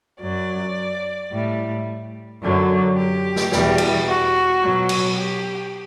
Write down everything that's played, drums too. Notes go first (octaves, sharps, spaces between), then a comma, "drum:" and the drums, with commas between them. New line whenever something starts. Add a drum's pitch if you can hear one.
F#2 F#3 D5
A2 G3
F#2 D3 F#3
G4
drum: snare
E2 B2 G3, drum: snare
drum: cymbal
F#4
B2 F#3
drum: cymbal
G4